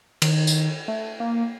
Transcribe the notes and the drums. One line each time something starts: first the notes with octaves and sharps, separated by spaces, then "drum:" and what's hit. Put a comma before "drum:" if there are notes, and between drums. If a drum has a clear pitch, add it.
D#3, drum: cymbal
drum: tambourine
A3
A#3